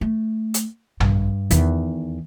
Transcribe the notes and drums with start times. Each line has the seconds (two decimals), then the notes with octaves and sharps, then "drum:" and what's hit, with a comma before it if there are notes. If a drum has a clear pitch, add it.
0.01 A3
0.54 drum: hi-hat
1.00 G2, drum: tom
1.50 E2 D#3, drum: hi-hat